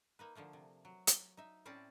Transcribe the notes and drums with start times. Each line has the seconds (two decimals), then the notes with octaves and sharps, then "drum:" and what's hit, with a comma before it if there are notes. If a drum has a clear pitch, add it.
0.19 A#3 D#4 B4
0.35 D3 F3 A3 A#3
0.53 C3
0.85 F#3
1.07 drum: hi-hat
1.37 D#4 E5
1.65 A2 C4 C#4 E4 D5 A5